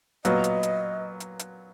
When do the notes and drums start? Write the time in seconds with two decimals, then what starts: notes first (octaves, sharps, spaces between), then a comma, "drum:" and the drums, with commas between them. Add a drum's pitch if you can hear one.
0.25 A#2 F#3 B3 D#5, drum: hi-hat
0.44 drum: hi-hat
0.63 drum: hi-hat
1.20 drum: hi-hat
1.39 drum: hi-hat